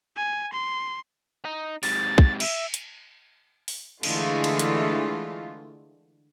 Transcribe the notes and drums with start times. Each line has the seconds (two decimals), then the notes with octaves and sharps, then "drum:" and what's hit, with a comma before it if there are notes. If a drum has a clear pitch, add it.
0.17 G#5
0.53 C6
1.45 D#4
1.83 G#2 C3 A6, drum: open hi-hat
2.18 drum: kick
2.40 E5, drum: cymbal
2.74 drum: hi-hat
3.68 drum: open hi-hat
4.03 D3 E3 G#3 A3 F4, drum: cymbal
4.44 drum: cymbal
4.59 drum: hi-hat